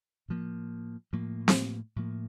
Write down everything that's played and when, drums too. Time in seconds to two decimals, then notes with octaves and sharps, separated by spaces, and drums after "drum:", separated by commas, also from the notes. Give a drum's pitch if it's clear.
0.28 A2 F3 A#3
1.13 A2 F3 A#3
1.48 drum: snare C4
1.96 A2 F3 A#3